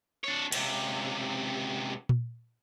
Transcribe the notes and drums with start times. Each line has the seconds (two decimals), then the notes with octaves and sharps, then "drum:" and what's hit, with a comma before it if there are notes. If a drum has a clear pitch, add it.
0.24 D4 C#5
0.52 C#2 C3, drum: cymbal
2.09 drum: tom A#2